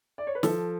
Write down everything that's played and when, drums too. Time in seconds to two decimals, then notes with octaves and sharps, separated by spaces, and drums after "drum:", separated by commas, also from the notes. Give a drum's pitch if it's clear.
0.18 D5
0.27 C#5
0.35 B4
0.43 F3 A4, drum: snare